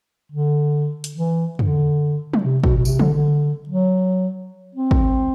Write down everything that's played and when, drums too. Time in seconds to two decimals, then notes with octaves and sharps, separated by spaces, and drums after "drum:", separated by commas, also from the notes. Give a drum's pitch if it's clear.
0.32 D3
1.04 drum: hi-hat
1.17 E3
1.59 D3, drum: tom
2.34 drum: tom
2.44 C3
2.64 B2, drum: kick
2.77 B2
2.85 C3, drum: tambourine
2.99 D3, drum: tom
3.13 D3
3.69 F#3
4.75 C4
4.91 drum: kick